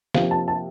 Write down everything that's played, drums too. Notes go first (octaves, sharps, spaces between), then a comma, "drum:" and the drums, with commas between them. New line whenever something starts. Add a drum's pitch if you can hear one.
C3 F3 A#3 F5, drum: snare
A5
A5